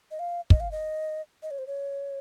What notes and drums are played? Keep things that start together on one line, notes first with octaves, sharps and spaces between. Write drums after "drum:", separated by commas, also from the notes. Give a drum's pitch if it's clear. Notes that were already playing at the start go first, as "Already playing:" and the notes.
D#5
F5
D#5, drum: kick
F5
D#5
D#5
C#5
C5
C#5